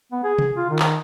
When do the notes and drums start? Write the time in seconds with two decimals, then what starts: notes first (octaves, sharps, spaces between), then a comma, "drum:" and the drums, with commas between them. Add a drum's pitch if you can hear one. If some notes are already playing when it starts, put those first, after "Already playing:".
0.12 B3
0.24 G#4
0.38 drum: tom C3
0.57 F4
0.70 D#3
0.79 drum: clap